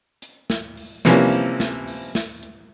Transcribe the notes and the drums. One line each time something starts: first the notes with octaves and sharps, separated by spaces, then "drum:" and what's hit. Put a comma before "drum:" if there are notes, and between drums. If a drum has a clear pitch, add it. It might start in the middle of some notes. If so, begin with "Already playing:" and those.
drum: hi-hat
drum: snare
drum: open hi-hat
C3 E3 F3 G3 A#3 C#4, drum: snare
drum: hi-hat
drum: snare
drum: open hi-hat
drum: snare
drum: hi-hat